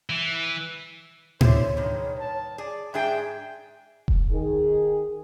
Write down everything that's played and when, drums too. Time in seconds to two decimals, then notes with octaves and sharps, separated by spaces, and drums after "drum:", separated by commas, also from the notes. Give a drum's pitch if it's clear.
0.10 E3
1.41 D3 E4 C5 C#5, drum: tom A2
1.77 G2 D#3 G#3
2.19 A5
2.58 G#4 D5
2.94 G#2 D4 G#4 E5 G5
4.08 drum: kick E1
4.31 D#3 G#4